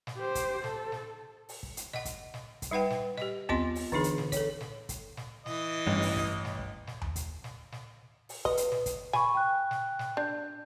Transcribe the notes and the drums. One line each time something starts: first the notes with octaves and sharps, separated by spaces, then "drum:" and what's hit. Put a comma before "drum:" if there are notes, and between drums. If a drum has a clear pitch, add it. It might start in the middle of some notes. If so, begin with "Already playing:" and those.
drum: snare
G4 C5
drum: kick, hi-hat
A4, drum: snare
drum: snare
drum: open hi-hat
drum: kick
drum: hi-hat
D#5 F#5, drum: snare
drum: kick, hi-hat
drum: snare
drum: kick, hi-hat
G3 D#4 B4 F#5 G5
drum: snare
G4 D#5, drum: snare
B3 C4 F4 D#5 C6, drum: tom D#2
drum: open hi-hat
D3 E3 D4 D#4 G#4, drum: kick
drum: hi-hat
drum: snare
A4 C#5, drum: kick, hi-hat
drum: snare
drum: kick, hi-hat
drum: snare
E3 D#5, drum: snare
A1 G2
drum: open hi-hat
drum: kick
drum: snare
drum: kick
drum: snare
drum: tom D#2
drum: kick, hi-hat
drum: snare
drum: snare
drum: open hi-hat
B4 D#5, drum: kick
drum: hi-hat
drum: snare
drum: kick, hi-hat
G#5 B5 C#6, drum: snare
G5 F#6
drum: snare
drum: snare
D4 G6